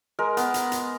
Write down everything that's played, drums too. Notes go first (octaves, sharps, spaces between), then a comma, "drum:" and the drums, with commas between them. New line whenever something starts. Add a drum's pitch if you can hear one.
G#3 A#4
B3, drum: hi-hat
drum: hi-hat
drum: hi-hat